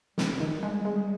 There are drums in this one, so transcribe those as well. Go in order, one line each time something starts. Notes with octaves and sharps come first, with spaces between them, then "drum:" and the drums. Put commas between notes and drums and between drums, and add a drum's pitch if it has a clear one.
C3 G3, drum: snare
D#3
G#3
G#3